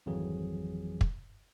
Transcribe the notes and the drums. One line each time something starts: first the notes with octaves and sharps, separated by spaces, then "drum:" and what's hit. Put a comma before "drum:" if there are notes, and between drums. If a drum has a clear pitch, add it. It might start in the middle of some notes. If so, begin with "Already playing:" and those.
G#1 F2 E3 F#3 G#4
drum: kick